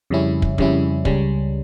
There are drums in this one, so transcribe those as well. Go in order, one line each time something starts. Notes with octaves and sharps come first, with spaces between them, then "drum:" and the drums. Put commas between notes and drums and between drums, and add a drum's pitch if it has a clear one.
F2 C#3 G3 C#4 E4
drum: kick
F2 C#3 G3 C#4 E4, drum: kick
C#2 C#3 G3 C#4, drum: kick